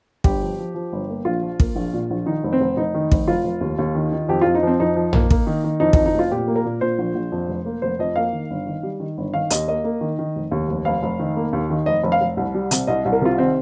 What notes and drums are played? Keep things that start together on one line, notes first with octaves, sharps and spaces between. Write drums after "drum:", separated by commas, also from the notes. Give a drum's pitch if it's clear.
G1 G4, drum: kick
F3
F3
F3
G1
A#3
A#1 F4
F3
A#3, drum: kick
A#1
A#2
A#1
D#3 D#4
F1
C4
F1
F1 D#4
D#3
F1, drum: kick
F1 F4
F1
D#2
D#2
D#3
D#3
F2 G4
F2 F4
D#4
F3 C4
F2 D#4
F3
A#3, drum: tom A#1
A#3, drum: kick
D#3
D#3
F2 D#4
D#4, drum: kick
F2
D#4
F1 F4
A#2 G4
A#3
A#4
A#2
A#2 C5
A#1
A#1
F2
F1
A#3
F1 C5
F2 D#5
A#3 F5
D#3
G1
D#3
G3
D#3
G1
D#3 F5
D#2 D#5, drum: hi-hat
A#3 D#5
A#3
D#3
D#3
F1
D#2
F1
F1 F5
F1
D#3
A#3
D#2
D#3
F1 D#5
F1
F5
F1
C2
G3
C3, drum: hi-hat
C2 D#5
C2
A#4
C3 F4
D#3 C4